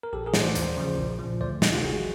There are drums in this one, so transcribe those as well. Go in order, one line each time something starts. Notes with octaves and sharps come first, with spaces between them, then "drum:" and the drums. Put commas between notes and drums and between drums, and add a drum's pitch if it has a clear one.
A#4
A#1 G4 A4
G#4 A#4
A2 E3, drum: snare
C5 D5
D#2, drum: hi-hat
C#3 F3
A#1
A#2 F3
D2 C5 D5
C3 D#3, drum: snare
F4 G4
G1 F#4 G#4